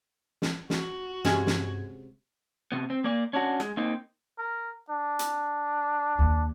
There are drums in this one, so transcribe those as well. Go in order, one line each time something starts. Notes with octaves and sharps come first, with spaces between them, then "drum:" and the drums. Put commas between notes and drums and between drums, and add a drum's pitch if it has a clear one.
drum: snare
F#4, drum: snare
G2 C3 G#3 C#4 G#6, drum: snare
drum: snare
C3 B3
C4
A#3 D5
C#4 D4 F#4
G#3, drum: rim click
A#3 C4 D#4
A#4
D4
drum: hi-hat
D#2